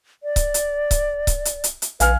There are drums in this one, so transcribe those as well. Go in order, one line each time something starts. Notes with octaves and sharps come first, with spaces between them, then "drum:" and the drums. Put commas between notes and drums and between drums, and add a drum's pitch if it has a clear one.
D5
drum: kick C#1, hi-hat
drum: hi-hat
drum: kick C#1, hi-hat
drum: kick C#1, hi-hat
drum: hi-hat
drum: hi-hat
drum: hi-hat
A#1 B4 F5 G#5 F6, drum: hi-hat